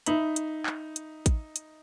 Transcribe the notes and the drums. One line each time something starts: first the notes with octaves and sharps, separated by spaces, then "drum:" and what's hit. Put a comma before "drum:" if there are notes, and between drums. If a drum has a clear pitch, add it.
D#4 E5 B5 F#7, drum: hi-hat
drum: hi-hat
drum: clap
drum: hi-hat
drum: kick A1, hi-hat
drum: hi-hat